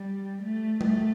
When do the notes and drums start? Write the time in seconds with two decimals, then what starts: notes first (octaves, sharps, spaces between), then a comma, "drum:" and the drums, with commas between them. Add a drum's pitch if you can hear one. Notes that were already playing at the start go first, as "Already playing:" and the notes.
Already playing: G3
0.43 A3
0.81 A3, drum: tom G3